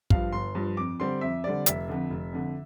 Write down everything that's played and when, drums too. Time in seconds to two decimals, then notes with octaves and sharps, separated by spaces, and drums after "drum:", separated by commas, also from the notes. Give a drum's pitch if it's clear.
0.10 G2 F3 F5, drum: kick
0.33 G1 C6
0.55 G2 F3
0.77 F2 D6
1.00 D3 G3 C4 C6
1.21 F2 E5
1.44 D3 G3 C4 D5
1.66 F1 E5, drum: hi-hat
1.89 F2 D3
2.10 F1
2.33 F2 D3